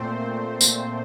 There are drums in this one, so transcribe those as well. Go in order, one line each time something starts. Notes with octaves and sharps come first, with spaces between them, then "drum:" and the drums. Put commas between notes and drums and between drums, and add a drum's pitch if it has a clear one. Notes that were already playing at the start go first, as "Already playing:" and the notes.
Already playing: A#2 A3 C4 C5
drum: tambourine